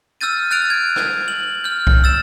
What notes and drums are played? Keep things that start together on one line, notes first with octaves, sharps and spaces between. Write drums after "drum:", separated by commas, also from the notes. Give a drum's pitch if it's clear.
E6 F6 G6 A6 D#7
F6 F#6 A6 D7 F7
G#6
drum: rim click
F#7
F6 G6
drum: kick C2
E6 A6 E7